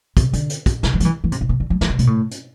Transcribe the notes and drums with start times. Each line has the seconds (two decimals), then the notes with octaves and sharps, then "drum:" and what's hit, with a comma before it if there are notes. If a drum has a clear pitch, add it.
0.17 C3, drum: kick, hi-hat
0.33 D3, drum: hi-hat
0.50 drum: hi-hat
0.66 drum: kick, hi-hat
0.83 C3, drum: snare
0.94 E3
1.00 F#3, drum: hi-hat
1.05 E3
1.24 E3
1.32 C3, drum: hi-hat
1.41 B2
1.49 C3
1.60 D3
1.70 F#3
1.81 E3, drum: snare
1.89 C3
1.99 B2, drum: hi-hat
2.07 A2
2.31 drum: hi-hat